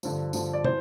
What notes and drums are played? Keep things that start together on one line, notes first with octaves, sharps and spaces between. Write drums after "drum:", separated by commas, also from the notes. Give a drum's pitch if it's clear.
G2 D3 F3, drum: tambourine
G2 D3 F3, drum: tambourine
D5
E3 C5, drum: tom